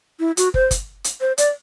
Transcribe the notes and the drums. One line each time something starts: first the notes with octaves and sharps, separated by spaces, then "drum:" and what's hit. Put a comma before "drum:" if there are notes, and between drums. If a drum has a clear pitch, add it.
E4
F#4, drum: hi-hat
C5, drum: kick
drum: kick, hi-hat
drum: hi-hat
C5
D5, drum: hi-hat